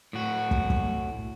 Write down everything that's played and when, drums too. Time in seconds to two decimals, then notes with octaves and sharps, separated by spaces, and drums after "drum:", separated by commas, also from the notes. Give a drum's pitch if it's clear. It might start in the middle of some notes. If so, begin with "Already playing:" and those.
0.13 A2 F#4
0.51 drum: kick
0.70 drum: kick